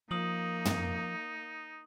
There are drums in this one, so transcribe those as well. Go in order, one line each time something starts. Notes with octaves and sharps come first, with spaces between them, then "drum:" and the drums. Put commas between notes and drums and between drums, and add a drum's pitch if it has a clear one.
F3 A#3 D#4 D#6 F#7
drum: tom